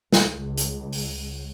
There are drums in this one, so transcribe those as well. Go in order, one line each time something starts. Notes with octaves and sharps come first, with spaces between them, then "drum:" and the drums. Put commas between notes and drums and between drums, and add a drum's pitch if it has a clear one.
C#2, drum: snare
drum: hi-hat
drum: open hi-hat